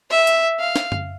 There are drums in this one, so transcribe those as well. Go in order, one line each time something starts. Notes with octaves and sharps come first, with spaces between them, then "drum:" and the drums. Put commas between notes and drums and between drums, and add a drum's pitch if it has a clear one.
E5
drum: hi-hat
F5
drum: snare
drum: tom F#2